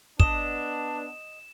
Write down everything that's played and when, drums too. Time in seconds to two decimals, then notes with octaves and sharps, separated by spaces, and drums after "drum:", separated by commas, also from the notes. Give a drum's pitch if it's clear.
0.20 B3 D4 D#5 E7, drum: kick